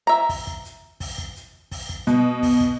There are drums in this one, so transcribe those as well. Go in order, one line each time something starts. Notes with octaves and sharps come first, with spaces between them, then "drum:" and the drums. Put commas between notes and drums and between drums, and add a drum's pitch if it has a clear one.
E5 A#5
drum: kick, open hi-hat
drum: kick
drum: hi-hat
drum: kick, open hi-hat
drum: kick
drum: hi-hat
drum: kick, open hi-hat
drum: kick
B2, drum: hi-hat
drum: kick, open hi-hat
drum: kick